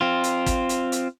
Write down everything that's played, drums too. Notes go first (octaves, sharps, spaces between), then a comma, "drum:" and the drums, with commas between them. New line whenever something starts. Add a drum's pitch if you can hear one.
C4 F4
drum: hi-hat
drum: kick, hi-hat
drum: hi-hat
drum: hi-hat